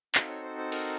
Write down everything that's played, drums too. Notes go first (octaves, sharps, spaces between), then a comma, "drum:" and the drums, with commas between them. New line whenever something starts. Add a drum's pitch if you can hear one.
C4 D#4 F#4 A4 F5, drum: clap
C#5
C5
C5
A#4, drum: cymbal